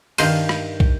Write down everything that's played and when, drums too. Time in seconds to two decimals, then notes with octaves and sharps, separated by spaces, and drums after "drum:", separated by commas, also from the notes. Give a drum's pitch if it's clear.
0.18 G2 D#3 F5 C6 G6 D#7, drum: cymbal
0.49 drum: rim click
0.80 drum: kick